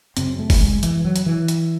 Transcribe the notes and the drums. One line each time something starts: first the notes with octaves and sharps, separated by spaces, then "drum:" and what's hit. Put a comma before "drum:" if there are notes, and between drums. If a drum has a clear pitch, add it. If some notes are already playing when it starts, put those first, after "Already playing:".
F#2 C#3 C4, drum: hi-hat
A3
drum: kick F#1, open hi-hat
G#3
E3, drum: hi-hat
F#3
drum: hi-hat
E3
drum: hi-hat